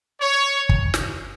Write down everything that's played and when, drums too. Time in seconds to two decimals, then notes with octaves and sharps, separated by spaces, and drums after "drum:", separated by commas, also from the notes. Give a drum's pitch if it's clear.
0.21 C#5
0.69 drum: kick
0.94 drum: snare